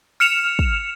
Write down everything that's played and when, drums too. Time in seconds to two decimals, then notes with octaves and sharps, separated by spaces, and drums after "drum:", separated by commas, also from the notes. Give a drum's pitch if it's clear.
0.20 F6 C#7 E7 F7
0.59 drum: kick